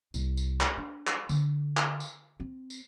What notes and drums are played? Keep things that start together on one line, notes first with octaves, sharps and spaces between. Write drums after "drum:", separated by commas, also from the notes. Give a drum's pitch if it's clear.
C2, drum: tambourine
drum: tambourine
drum: clap
D4
drum: clap
D3, drum: tambourine
drum: clap
drum: tambourine
C4
drum: tambourine